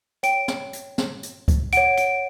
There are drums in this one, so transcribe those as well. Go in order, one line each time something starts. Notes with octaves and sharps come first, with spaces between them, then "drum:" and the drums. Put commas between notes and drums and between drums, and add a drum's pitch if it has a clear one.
C#5 G5 D7, drum: hi-hat
drum: snare
drum: hi-hat
drum: snare
drum: hi-hat
drum: kick C#2, hi-hat
C#5 F#5 D7, drum: hi-hat
D7, drum: hi-hat